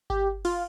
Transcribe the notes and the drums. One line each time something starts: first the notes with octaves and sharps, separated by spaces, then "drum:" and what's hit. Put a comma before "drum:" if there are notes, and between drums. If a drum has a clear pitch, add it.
G4, drum: kick G1
F4, drum: cymbal